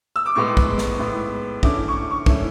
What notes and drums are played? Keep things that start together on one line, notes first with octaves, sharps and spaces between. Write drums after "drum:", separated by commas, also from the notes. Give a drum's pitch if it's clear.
E6
D6
A2 G#3 B3 C#6
drum: kick
drum: snare
A2 G#3 B3
D3 A3 C#4 E4 D6, drum: kick
C#6
D6
C#6
D3 A3 C#4 E4, drum: kick